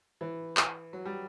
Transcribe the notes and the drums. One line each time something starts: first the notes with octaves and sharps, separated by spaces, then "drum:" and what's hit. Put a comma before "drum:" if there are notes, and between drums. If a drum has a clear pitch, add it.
E3
drum: clap
F#3
G3